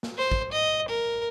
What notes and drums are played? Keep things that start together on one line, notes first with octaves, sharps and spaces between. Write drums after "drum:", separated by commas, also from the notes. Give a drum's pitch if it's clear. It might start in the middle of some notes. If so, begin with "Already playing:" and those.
drum: snare
C5
drum: kick
D#5
A#4